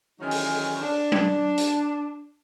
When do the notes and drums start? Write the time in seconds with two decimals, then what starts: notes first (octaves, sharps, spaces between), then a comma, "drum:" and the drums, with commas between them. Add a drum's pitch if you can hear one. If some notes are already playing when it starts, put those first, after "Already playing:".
0.20 D#3 E3 F#3 G#3 C#4 D#4
0.31 drum: open hi-hat
0.81 D4
1.12 drum: tom F#3
1.58 drum: hi-hat